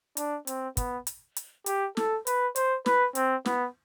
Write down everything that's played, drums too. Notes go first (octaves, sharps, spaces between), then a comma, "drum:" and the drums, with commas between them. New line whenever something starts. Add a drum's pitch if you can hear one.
D4, drum: hi-hat
C4, drum: hi-hat
B3, drum: kick, hi-hat
drum: hi-hat
drum: hi-hat
G4, drum: hi-hat
A4, drum: snare
B4, drum: hi-hat
C5, drum: hi-hat
B4, drum: snare
C4, drum: hi-hat
B3, drum: snare